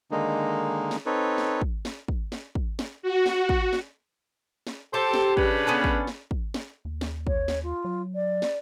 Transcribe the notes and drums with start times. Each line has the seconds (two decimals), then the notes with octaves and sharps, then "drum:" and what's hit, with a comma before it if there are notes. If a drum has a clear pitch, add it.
0.11 D3 D#3 G#3 A#3 D#4
0.91 drum: snare
1.06 C4 D#4 A4 B4 C#5
1.38 drum: snare
1.62 drum: kick
1.85 drum: snare
2.08 drum: kick
2.32 drum: snare
2.55 drum: kick
2.79 drum: snare
3.02 F#4
3.26 drum: snare
3.49 drum: kick
3.73 drum: snare
4.67 drum: snare
4.94 G4 A4 C5
5.14 drum: snare
5.37 C#3 D4 B4, drum: kick
5.67 B3 C#4 A4
5.84 drum: kick
6.07 drum: snare
6.31 drum: kick
6.54 drum: snare
6.85 D#2
7.01 drum: snare
7.27 C#5, drum: kick
7.48 drum: snare
7.63 F4
7.84 F#3
8.15 D5
8.42 drum: snare